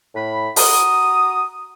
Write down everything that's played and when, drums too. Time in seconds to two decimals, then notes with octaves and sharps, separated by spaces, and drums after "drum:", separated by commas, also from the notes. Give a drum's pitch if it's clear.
0.15 A2 B5
0.56 F#4 A#5 D#6, drum: open hi-hat